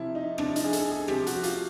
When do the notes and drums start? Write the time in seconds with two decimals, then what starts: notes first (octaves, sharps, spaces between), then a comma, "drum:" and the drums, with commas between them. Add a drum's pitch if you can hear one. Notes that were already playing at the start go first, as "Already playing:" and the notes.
Already playing: C3 F3 E4
0.15 D#4
0.38 C3 F3 D4, drum: rim click
0.56 D#4, drum: hi-hat
0.64 G#4
0.73 A4, drum: hi-hat
0.91 G#4
1.08 C3 F3 G4, drum: rim click
1.27 F#4, drum: hi-hat
1.43 F4, drum: hi-hat